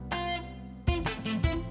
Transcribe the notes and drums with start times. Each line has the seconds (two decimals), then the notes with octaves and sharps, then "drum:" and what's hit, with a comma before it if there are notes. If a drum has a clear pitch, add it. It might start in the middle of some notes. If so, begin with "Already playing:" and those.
Already playing: C2 C3 G3 B3
0.12 F4, drum: rim click
0.88 A2 F3 C4 F4, drum: kick
1.06 A3, drum: rim click
1.25 A3
1.44 E4, drum: kick